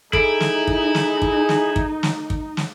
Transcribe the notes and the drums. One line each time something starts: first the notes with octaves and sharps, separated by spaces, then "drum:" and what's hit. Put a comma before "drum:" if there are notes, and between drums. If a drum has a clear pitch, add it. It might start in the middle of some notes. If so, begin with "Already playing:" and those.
D#4 E4 G#4 A4 D7, drum: kick
drum: snare
drum: kick
drum: snare
drum: kick
drum: snare
drum: kick
drum: snare
drum: kick
drum: snare